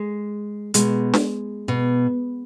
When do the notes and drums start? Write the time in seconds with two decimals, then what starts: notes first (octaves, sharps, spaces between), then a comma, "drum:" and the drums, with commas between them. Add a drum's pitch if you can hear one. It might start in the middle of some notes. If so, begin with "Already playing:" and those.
Already playing: G#3
0.74 B2 G#3, drum: hi-hat
1.14 drum: snare D4
1.68 B2